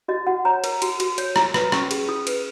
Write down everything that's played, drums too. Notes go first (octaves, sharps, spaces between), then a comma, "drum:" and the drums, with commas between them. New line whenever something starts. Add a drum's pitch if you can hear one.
F#4 D#5
F#4 F#5
C#5 A#5
A#4, drum: cymbal
F#4, drum: cymbal
F#4, drum: cymbal
C#5, drum: cymbal
F4 A#5, drum: rim click
B4, drum: rim click
C#4 C#6, drum: rim click
G#4, drum: cymbal
F4 D#6
B4, drum: cymbal